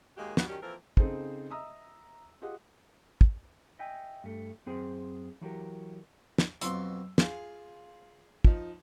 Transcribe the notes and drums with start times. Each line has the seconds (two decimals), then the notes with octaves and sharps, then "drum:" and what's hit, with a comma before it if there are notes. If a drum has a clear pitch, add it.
0.17 D#2 G#3 A#3 D#4 F#4 G4
0.37 G3 B3 D4 F4 F#4, drum: snare
0.48 D#3 F#3 C#4 D4 G4
0.62 E3 F3 A#3 C4 A4 A#4
0.97 C#3 C4 D#4 G#4 A4 C5, drum: kick
1.51 D#5 E5 A#5 D#6 E6
2.42 F4 G4 G#4 D#5 F#5
3.21 drum: kick
3.79 D#5 E5 G5 G#5
4.24 G2 A3
4.66 F#2 C4 G#4 C5
5.41 E3 F#3 G4 A#4
6.38 drum: snare
6.61 B1 F2 C6 E6, drum: hi-hat
7.18 F4 G#4 F5, drum: snare
8.45 F3 D#4, drum: kick